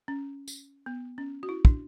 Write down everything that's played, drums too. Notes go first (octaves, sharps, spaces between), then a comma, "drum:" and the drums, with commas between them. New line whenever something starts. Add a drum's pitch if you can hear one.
C#4
drum: tambourine
B3
C#4
F#4
E4
D4, drum: kick